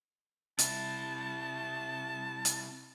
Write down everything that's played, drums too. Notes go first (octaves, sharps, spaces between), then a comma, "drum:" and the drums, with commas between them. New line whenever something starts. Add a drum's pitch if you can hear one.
C3 E4 A5, drum: hi-hat
drum: hi-hat